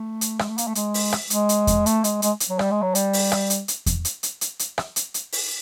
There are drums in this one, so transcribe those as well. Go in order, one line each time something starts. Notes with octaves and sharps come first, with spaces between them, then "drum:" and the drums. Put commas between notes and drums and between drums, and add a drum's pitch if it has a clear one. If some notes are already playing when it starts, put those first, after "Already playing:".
Already playing: A3
drum: hi-hat
G#3, drum: rim click
A3
A#3, drum: hi-hat
A3
G#3, drum: hi-hat
drum: open hi-hat
drum: rim click
G#3, drum: hi-hat
drum: hi-hat
drum: kick E2, hi-hat
A3, drum: hi-hat
G#3, drum: hi-hat
G#3, drum: hi-hat
drum: hi-hat
F#3
G3, drum: rim click
G#3
F#3
G3, drum: hi-hat
drum: open hi-hat
drum: rim click
drum: hi-hat
drum: hi-hat
drum: kick E2, hi-hat
drum: hi-hat
drum: hi-hat
drum: hi-hat
drum: hi-hat
drum: rim click
drum: hi-hat
drum: hi-hat
drum: open hi-hat